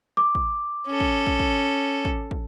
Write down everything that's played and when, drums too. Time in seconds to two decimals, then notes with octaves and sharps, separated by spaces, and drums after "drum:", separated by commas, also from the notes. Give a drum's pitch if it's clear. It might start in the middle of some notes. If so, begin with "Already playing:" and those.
0.17 D6
0.35 drum: kick
0.87 C#4 A4
1.00 drum: kick
1.26 drum: kick
1.40 drum: kick
2.05 drum: kick
2.31 drum: kick